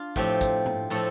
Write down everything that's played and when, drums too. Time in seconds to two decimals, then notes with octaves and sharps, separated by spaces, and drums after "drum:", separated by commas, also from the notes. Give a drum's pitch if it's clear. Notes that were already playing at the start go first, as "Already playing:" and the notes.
Already playing: D4 F4
0.16 A2 F3 C4 G4, drum: kick
0.41 drum: kick, hi-hat
0.66 drum: tom G#2
0.90 A2 F3 C4 A4